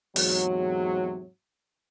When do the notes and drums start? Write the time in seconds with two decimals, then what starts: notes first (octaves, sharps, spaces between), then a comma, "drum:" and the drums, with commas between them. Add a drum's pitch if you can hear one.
0.16 E2 G#2 C3 F#3, drum: open hi-hat